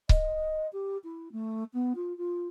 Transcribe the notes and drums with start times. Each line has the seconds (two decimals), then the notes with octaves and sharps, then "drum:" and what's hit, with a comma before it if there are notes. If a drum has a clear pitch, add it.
0.09 D#5, drum: kick C#1
0.73 G4
1.04 E4
1.32 A3
1.74 B3
1.95 F4
2.17 F4